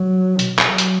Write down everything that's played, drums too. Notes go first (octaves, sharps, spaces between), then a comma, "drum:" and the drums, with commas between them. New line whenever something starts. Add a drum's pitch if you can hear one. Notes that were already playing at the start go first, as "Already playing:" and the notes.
Already playing: F#3
B2, drum: hi-hat
drum: clap
F#3
drum: hi-hat